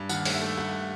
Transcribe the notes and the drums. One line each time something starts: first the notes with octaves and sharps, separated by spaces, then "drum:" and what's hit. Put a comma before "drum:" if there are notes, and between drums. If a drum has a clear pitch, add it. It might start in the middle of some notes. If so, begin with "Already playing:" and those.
Already playing: G2
D#2 F#5, drum: tambourine
A3, drum: open hi-hat
E5
A3
G2 F#5